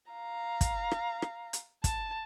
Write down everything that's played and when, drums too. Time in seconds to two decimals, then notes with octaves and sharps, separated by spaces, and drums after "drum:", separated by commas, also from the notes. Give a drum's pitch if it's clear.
0.11 F5 A#5
0.61 drum: kick, hi-hat
0.91 drum: rim click
1.22 drum: rim click
1.53 drum: hi-hat
1.84 A5, drum: kick, hi-hat